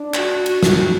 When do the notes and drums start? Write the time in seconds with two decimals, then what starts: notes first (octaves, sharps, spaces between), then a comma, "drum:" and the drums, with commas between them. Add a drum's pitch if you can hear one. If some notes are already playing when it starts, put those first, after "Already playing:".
Already playing: D4
0.14 F#4, drum: clap
0.46 F#4, drum: cymbal
0.63 drum: snare